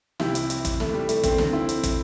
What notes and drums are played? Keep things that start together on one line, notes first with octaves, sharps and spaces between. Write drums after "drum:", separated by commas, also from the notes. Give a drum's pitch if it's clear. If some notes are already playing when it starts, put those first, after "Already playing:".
C2 C3 E3 E4 G4, drum: snare
drum: hi-hat
drum: hi-hat
drum: kick, hi-hat
A3, drum: snare
G3
A3, drum: hi-hat
A3 C4, drum: kick, hi-hat
D2 D3, drum: snare
C4 E4
drum: hi-hat
drum: kick, hi-hat